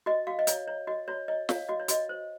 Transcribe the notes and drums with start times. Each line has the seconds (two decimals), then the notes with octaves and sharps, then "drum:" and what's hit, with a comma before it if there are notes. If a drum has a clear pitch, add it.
0.06 F#4 D#5
0.27 F#4 F5
0.39 D#5
0.47 C#5, drum: hi-hat
0.68 C#5
0.87 F#4 D#5
1.08 F#4 C#5
1.28 C#5 D#5
1.49 C#5 F5, drum: snare
1.69 F#4 D#5
1.80 C#5
1.88 F#4 D#5, drum: hi-hat
2.09 C5